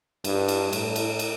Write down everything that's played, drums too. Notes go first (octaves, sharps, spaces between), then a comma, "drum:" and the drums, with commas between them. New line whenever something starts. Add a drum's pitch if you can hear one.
G2, drum: cymbal
drum: cymbal
A2, drum: cymbal
drum: cymbal
drum: cymbal